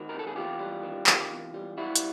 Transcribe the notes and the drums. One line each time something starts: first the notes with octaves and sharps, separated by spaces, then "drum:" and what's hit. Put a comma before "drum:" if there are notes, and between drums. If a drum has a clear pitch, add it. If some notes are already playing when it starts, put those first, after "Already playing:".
Already playing: D#3 F#4
A#4
C3
A4
G#4
E2 F4 G4
G3
D#3
C3, drum: clap
E2
G3
G3 E4 F#4
drum: hi-hat